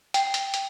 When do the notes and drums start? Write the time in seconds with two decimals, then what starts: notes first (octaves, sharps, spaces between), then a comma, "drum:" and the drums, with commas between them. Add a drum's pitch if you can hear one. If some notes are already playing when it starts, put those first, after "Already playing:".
0.14 G5, drum: hi-hat
0.34 drum: hi-hat
0.54 drum: hi-hat